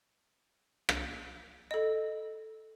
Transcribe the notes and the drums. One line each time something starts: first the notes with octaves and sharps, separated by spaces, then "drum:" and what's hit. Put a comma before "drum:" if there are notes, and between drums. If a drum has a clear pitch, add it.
drum: rim click
A4 D#5